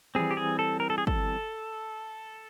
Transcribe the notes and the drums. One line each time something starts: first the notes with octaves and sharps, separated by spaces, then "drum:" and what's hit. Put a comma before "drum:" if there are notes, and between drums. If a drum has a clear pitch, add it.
E3 G3 C4 G#4, drum: tom D#3
G4
G#4
A4
A#4
A4
G#4
A4, drum: kick